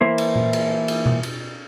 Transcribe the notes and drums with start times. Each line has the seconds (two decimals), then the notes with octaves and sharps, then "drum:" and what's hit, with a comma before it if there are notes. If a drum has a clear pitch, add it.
0.01 E3 A#3 E4 C5
0.18 drum: cymbal
0.36 drum: tom A#2
0.53 drum: cymbal
0.88 drum: cymbal
1.06 drum: tom B2
1.23 drum: cymbal